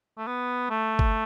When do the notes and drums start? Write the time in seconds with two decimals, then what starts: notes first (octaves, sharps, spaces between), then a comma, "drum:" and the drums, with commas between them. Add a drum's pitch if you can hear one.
0.17 A3
0.27 B3
0.70 A3
0.99 drum: kick G1